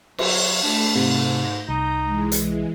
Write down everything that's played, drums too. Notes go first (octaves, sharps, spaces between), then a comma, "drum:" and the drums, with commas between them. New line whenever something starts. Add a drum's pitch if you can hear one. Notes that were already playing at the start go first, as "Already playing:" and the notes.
F#3, drum: cymbal
A3 D4
G#2 C3
G6 A#6
C2 D#4
E3 G#3
drum: hi-hat